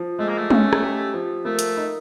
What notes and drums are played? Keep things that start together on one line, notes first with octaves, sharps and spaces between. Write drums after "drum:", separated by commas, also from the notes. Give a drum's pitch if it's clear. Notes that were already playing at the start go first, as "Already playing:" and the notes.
Already playing: F3
G#3 A3
A#3
A3
C#4, drum: tom G#3
drum: rim click
G4
F3
A3 A#3
drum: hi-hat
D#4